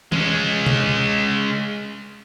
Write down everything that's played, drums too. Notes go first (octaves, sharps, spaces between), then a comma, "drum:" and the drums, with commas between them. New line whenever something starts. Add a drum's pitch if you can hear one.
G#3 C#4, drum: tom E3
drum: tom C3